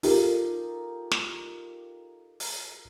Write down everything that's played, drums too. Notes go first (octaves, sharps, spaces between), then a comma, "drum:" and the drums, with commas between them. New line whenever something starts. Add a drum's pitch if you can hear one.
D#4 F4 G4 A4 A#4, drum: open hi-hat
drum: snare
drum: open hi-hat